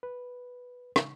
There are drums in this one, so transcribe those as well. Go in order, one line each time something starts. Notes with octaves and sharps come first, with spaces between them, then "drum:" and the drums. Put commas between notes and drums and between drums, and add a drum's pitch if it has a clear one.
B4
drum: rim click